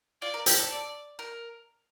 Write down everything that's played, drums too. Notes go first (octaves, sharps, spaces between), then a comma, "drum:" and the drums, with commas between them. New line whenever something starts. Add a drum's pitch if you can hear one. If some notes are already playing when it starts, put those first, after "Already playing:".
F4 D5
A#4
G4, drum: hi-hat
A4
D5
A#4